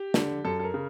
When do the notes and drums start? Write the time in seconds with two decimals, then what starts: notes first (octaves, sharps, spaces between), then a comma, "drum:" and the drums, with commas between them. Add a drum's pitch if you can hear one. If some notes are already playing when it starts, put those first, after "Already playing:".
Already playing: G4
0.14 D3, drum: snare
0.45 F#2 A4
0.60 A4
0.64 A#4
0.74 C#3